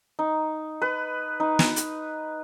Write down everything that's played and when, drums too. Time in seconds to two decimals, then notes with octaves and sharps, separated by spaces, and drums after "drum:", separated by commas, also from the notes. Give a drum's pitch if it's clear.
0.19 D#4
0.82 B4
1.40 D#4
1.59 drum: snare
1.76 drum: hi-hat